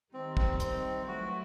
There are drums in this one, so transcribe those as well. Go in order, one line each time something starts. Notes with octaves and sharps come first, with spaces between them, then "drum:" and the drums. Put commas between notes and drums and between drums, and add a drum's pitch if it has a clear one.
D#3 G3 C4 D#4
C4, drum: kick
C4, drum: hi-hat
F#3 A3 E4 F#4 B4